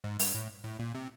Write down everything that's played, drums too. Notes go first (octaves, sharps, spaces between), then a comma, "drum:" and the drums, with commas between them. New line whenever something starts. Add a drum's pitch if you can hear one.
G#2
G2, drum: open hi-hat
A2
A2
A#2
C3